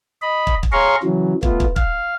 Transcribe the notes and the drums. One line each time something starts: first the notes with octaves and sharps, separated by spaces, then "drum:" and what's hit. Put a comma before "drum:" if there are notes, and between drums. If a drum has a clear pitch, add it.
D#5 B5
drum: kick
drum: kick
G#4 C#5 F5 A#5 C6 C#6
C#3 E3 F#3
A3 B3 F4, drum: kick
drum: kick
F5, drum: kick